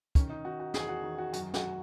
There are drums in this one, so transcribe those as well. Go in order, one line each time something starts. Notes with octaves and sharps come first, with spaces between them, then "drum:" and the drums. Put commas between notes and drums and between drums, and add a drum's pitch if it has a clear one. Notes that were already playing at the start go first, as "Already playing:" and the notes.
D#3 C#4, drum: kick, hi-hat
D#4
D#3 F#4
F#4
E2 G#4, drum: snare
F#4
D#3
F#4
F#2 F#4, drum: hi-hat
F#4, drum: snare